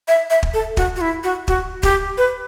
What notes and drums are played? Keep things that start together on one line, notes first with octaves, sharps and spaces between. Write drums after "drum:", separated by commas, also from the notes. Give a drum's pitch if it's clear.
E5
E5
drum: kick
A4
F#4, drum: kick
F#4
E4
F#4
F#4, drum: kick
G4, drum: kick
B4